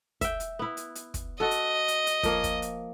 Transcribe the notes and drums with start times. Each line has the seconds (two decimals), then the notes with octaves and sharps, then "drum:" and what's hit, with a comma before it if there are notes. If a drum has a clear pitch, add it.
0.21 E5 G5, drum: kick, hi-hat
0.40 drum: hi-hat
0.59 B3 E4
0.77 drum: hi-hat
0.95 drum: hi-hat
1.14 drum: kick, hi-hat
1.40 F#4 A4 D#5
1.51 drum: hi-hat
1.88 drum: hi-hat
2.07 drum: hi-hat
2.23 F3 A#3 C#5, drum: kick, hi-hat
2.44 drum: kick, hi-hat
2.62 drum: hi-hat